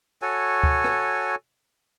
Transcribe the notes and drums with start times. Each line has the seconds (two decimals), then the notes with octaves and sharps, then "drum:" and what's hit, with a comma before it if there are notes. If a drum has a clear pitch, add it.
0.22 F#4 A4 C#5 G#5
0.63 drum: kick D2
0.84 drum: rim click